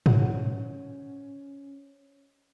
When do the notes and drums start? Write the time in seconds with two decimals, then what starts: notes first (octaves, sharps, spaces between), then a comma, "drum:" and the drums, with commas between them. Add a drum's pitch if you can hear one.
0.06 C#4 C5 C#5 D#5 F#5, drum: tom G#2